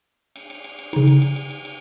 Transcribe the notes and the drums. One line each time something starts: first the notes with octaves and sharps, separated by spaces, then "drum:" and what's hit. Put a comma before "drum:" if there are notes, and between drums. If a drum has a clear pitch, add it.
drum: cymbal
drum: cymbal
drum: cymbal
drum: cymbal
C#3 D#4, drum: cymbal
drum: cymbal
drum: cymbal
drum: cymbal
drum: cymbal
drum: cymbal